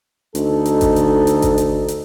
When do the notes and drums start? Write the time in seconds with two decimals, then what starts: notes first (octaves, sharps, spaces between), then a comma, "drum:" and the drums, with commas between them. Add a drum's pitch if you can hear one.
0.35 D2 D#4 A4, drum: hi-hat
0.66 drum: hi-hat
0.81 drum: kick G#1, hi-hat
0.96 drum: hi-hat
1.27 drum: hi-hat
1.42 drum: kick G#1, hi-hat
1.58 drum: hi-hat
1.88 drum: hi-hat